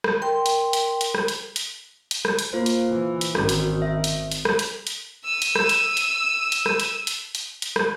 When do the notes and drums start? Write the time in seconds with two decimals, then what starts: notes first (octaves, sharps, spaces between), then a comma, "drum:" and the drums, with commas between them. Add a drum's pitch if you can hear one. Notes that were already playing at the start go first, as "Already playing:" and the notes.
0.04 drum: rim click
0.22 A#4 G5 C6
0.46 drum: hi-hat
0.73 drum: hi-hat
1.01 drum: hi-hat
1.15 drum: rim click
1.28 drum: hi-hat
1.56 drum: hi-hat
2.11 drum: hi-hat
2.25 drum: rim click
2.39 drum: hi-hat
2.53 A#3 F4 C5
2.66 drum: hi-hat
2.90 E3
3.21 drum: hi-hat
3.35 G#1 D#3 C#4 F#4 A#4, drum: rim click
3.49 drum: hi-hat
3.82 E5
4.04 drum: hi-hat
4.32 drum: hi-hat
4.45 drum: rim click
4.59 drum: hi-hat
4.87 drum: hi-hat
5.24 E6 D#7
5.42 drum: hi-hat
5.56 drum: rim click
5.69 drum: hi-hat
5.97 drum: hi-hat
6.52 drum: hi-hat
6.66 drum: rim click
6.80 drum: hi-hat
7.07 drum: hi-hat
7.35 drum: hi-hat
7.62 drum: hi-hat
7.76 drum: rim click